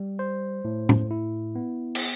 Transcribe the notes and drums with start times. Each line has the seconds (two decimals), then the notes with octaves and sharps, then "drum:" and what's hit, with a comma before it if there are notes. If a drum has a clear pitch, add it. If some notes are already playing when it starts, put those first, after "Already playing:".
Already playing: G3
0.19 C5
0.65 A2
0.89 drum: tom A2
1.11 E4
1.55 B3
1.95 drum: cymbal